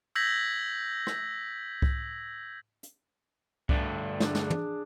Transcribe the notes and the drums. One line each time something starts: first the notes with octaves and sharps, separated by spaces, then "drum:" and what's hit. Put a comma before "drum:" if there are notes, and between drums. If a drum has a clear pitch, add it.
E6 G6 G#6 A#6 B6 F#7
drum: rim click
drum: kick C2
drum: hi-hat
G2 D3 A3, drum: kick C2
D4 G#4, drum: snare
drum: snare
drum: tom